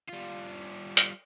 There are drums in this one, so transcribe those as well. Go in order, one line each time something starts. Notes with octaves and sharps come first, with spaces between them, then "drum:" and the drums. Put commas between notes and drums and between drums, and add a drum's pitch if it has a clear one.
G3 F4
drum: hi-hat